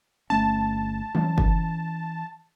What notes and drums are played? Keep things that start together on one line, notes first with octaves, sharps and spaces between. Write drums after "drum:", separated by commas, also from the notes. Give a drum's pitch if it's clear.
G1 A3 C#4 A5
E3 C#4, drum: tom F3
drum: kick F#1